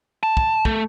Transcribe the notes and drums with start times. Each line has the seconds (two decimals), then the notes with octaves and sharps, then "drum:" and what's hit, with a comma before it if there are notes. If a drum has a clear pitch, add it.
0.23 A5
0.37 drum: kick
0.65 A3, drum: kick